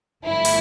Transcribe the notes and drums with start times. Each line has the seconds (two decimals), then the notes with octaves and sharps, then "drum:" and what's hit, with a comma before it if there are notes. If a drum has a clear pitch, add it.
0.25 G1 G2 F3 A3 E4
0.45 drum: hi-hat